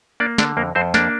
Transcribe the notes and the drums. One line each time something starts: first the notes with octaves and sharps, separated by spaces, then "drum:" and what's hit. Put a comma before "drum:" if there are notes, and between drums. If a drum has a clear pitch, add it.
A#3 D4 D5
D3 D4 D5, drum: snare
F2 A#3 A#4
F2 C4 C5
A#3 D4 D5, drum: snare